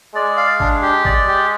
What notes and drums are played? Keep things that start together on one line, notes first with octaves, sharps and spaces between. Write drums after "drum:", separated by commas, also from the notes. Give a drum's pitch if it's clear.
G#3 D5
F5
D4, drum: kick
G4
D5, drum: kick
G4